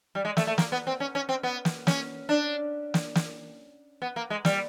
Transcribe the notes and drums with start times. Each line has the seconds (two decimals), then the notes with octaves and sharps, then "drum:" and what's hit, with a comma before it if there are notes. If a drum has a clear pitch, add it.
0.15 G3
0.25 G#3
0.37 A3, drum: snare
0.47 A3
0.58 A#3, drum: snare
0.72 B3
0.87 C4
1.00 C#4
1.15 C#4
1.29 C4
1.43 B3
1.65 drum: snare
1.87 C#4, drum: snare
2.29 D4
2.94 drum: snare
3.15 drum: snare
4.02 B3
4.16 A#3
4.30 G#3
4.45 G3, drum: snare